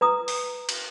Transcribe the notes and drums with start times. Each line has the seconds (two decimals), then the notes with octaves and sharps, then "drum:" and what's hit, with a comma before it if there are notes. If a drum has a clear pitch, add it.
0.01 B4 A#5 D#6
0.28 drum: open hi-hat
0.69 drum: cymbal